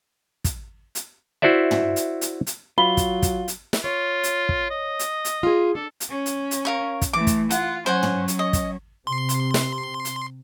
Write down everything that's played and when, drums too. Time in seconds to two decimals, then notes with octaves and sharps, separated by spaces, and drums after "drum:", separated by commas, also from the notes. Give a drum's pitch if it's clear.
0.44 drum: kick, hi-hat
0.95 drum: hi-hat
1.42 E4 F#4 C5 D5 E5
1.71 drum: tom
1.96 drum: hi-hat
2.21 drum: hi-hat
2.47 drum: hi-hat
2.78 F#3 F4 B5 G7
2.97 drum: kick, hi-hat
3.22 drum: kick, hi-hat
3.48 drum: hi-hat
3.73 drum: snare
3.84 F4 C#5
4.24 drum: hi-hat
4.49 drum: kick
4.70 D#5
4.99 drum: hi-hat
5.25 drum: hi-hat
5.43 F4 G#4
5.75 D4 A4
6.00 drum: hi-hat
6.10 C#4
6.26 drum: hi-hat
6.51 drum: hi-hat
6.65 A#4 F5 C#6
7.02 drum: kick, hi-hat
7.13 E3 A3 D6
7.27 drum: kick, hi-hat
7.51 F4 F#5, drum: hi-hat
7.86 F#3 C#4 C5 F#5 G#5
8.03 drum: tom
8.28 drum: hi-hat
8.39 D#5
8.53 drum: kick, hi-hat
9.07 C3 C6
9.29 drum: hi-hat
9.54 drum: snare
10.05 drum: hi-hat